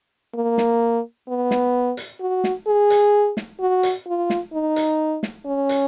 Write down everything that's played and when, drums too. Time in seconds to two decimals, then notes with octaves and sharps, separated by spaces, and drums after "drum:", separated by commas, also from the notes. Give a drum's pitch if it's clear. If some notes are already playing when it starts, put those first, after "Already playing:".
0.35 A#3
0.58 drum: snare
1.28 B3
1.51 drum: snare
1.97 drum: hi-hat
2.20 F#4
2.44 drum: snare
2.67 G#4
2.90 drum: hi-hat
3.37 drum: snare
3.60 F#4
3.83 drum: hi-hat
4.07 F4
4.30 drum: snare
4.53 D#4
4.76 drum: hi-hat
5.23 drum: snare
5.46 C#4
5.69 drum: hi-hat